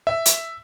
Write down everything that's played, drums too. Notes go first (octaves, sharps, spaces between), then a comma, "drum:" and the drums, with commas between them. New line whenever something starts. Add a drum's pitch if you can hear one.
E5
drum: hi-hat